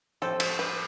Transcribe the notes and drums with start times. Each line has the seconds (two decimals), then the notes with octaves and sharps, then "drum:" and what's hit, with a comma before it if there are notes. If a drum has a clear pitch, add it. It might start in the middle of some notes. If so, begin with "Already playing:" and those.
0.22 A2 F3 C4 G4 A4
0.40 A4, drum: cymbal
0.59 B4